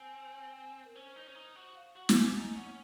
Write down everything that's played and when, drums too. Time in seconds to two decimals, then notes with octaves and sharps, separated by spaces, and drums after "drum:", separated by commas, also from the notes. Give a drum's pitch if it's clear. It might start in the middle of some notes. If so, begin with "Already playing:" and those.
Already playing: C4 G#5
0.85 A#4
0.95 C#4 C5
1.16 D#4
1.27 C#4
1.35 D#4
1.56 F#4
1.76 F5
1.96 F#4 F#5
2.09 D#4, drum: snare
2.17 F4 G#5
2.36 D#4 G#5
2.56 C#4 F#5